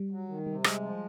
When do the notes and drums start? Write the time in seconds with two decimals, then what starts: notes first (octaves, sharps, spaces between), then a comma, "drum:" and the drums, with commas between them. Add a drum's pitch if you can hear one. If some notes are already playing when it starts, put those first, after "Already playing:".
Already playing: G3
0.11 F#3
0.28 D#3
0.46 C3 G3
0.64 G#3, drum: rim click
0.82 F3